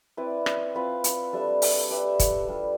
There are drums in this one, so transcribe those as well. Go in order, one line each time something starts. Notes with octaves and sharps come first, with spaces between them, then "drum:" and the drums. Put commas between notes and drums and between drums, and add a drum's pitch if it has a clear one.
C4 E4 B4 D5
drum: rim click
C4 F4 B4 F5
drum: hi-hat
G3 D4 A4 E5
drum: open hi-hat
D4 G4 B4 E5
drum: kick, hi-hat
G3 D4 F4 A4